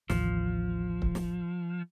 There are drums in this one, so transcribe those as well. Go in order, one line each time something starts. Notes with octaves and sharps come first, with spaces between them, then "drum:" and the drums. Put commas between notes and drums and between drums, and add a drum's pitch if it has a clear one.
A1 D#2 F3, drum: snare
drum: kick C#1
drum: snare